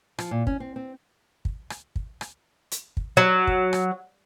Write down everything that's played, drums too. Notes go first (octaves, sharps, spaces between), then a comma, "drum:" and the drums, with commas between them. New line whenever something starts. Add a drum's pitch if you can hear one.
F3, drum: rim click
A#2
C#4, drum: kick
C4
C4
drum: kick
drum: rim click
drum: kick
drum: rim click
drum: hi-hat
drum: kick
F#3
drum: kick
drum: rim click